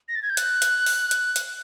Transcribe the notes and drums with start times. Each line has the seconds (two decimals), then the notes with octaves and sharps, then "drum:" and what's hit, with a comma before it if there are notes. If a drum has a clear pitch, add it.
0.08 A#6
0.15 A6
0.23 G#6
0.30 G6
0.37 F#6, drum: hi-hat
0.62 drum: hi-hat
0.86 drum: open hi-hat
1.11 drum: hi-hat
1.36 drum: hi-hat